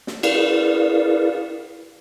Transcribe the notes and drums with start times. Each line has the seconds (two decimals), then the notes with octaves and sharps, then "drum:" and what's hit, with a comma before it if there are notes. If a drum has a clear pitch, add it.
0.07 drum: snare
0.23 E4 G#4 A#4 B4 D5 F5, drum: cymbal